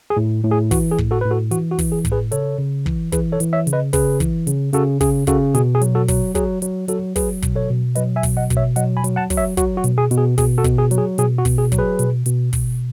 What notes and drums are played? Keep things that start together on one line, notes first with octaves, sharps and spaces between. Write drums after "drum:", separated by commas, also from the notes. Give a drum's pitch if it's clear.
G#4
A2
A2
G#4
E3 F#4, drum: kick, open hi-hat
G#4
A2, drum: kick
F#4 A4
A2 B4
F#4 A4
E3 F#4, drum: hi-hat
F#4
E3, drum: kick, open hi-hat
G#4
A2, drum: kick, hi-hat
G#4 B4
C#3 A4 C#5, drum: hi-hat
C#3
E3, drum: kick
E3 G#4 B4, drum: kick, hi-hat
A4 C#5
E3, drum: hi-hat
C#5 E5
C#3, drum: hi-hat
B4 D#5
C#3 G#4 B4, drum: kick, open hi-hat
E3, drum: kick, hi-hat
C#3, drum: hi-hat
C#3 F#4 A4, drum: hi-hat
C#3 G#4, drum: kick, open hi-hat
C#3 F#4 A4, drum: kick, hi-hat
B2 G#4, drum: hi-hat
G#4
F#3, drum: hi-hat
F#4 A4
F#3, drum: kick, open hi-hat
F#3 G#4, drum: kick, hi-hat
F#3, drum: hi-hat
F#3 F#4 A4, drum: hi-hat
F#3 G#4 B4, drum: kick, open hi-hat
B2, drum: kick, hi-hat
A4 C#5
B2
F#3 B4 D#5, drum: hi-hat
E5 G#5
B2, drum: kick, open hi-hat
D#5 F#5
B2, drum: kick, hi-hat
C#5 E5
F#3 D#5 F#5, drum: hi-hat
G#5 B5
F#3, drum: hi-hat
F#5 A5
F#3, drum: kick, open hi-hat
C#5 E5
F#3 F#4, drum: kick, hi-hat
F#4
B2, drum: hi-hat
G#4
B2, drum: hi-hat
G#4
B2 G#4, drum: kick, open hi-hat
F#4 A4
B2, drum: kick, hi-hat
G#4
F#3, drum: hi-hat
G#4
B2 G#4, drum: hi-hat
F#4
B2, drum: kick, open hi-hat
G#4
F#3, drum: kick, hi-hat
G#4 B4
B2, drum: hi-hat
B2, drum: hi-hat
B2, drum: kick, open hi-hat